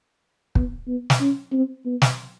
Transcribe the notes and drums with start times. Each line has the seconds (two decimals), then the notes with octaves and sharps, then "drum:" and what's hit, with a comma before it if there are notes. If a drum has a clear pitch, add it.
0.55 B3, drum: kick
0.88 B3
1.10 drum: snare
1.20 C#4
1.53 C4
1.86 B3
2.02 drum: snare